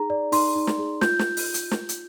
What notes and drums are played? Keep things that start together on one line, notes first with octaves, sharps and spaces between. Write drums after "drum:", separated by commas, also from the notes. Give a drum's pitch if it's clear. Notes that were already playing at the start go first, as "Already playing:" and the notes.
Already playing: D#4 G#4 A#5
D5
D#4 C6, drum: open hi-hat
D#4
drum: snare
G#4
F4 G6, drum: snare
drum: snare
drum: open hi-hat
drum: hi-hat
drum: snare
drum: hi-hat